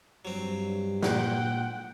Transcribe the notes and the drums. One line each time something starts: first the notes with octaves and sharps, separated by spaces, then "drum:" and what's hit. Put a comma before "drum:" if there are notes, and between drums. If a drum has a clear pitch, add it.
G2 F#3 C4
A#2 F#5 G5, drum: snare